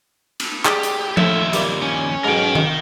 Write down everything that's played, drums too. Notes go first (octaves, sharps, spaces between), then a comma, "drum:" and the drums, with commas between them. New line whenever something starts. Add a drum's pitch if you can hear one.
drum: cymbal
G4 G#4 D5, drum: clap
drum: hi-hat
D#2 A2 F3 E5, drum: tom F3
G3 A#3 C4, drum: hi-hat
C#4
B1 G#2 A#4 G5
drum: tom D#3